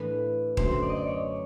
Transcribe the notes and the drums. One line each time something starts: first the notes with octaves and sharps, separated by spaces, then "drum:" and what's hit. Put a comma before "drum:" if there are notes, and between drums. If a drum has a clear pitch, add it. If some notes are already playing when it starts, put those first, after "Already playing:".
Already playing: A2 E3 A3 D4 B4
F#2 D3 F#3 A3 C5, drum: kick D#1
D5
D#5
D5
C#5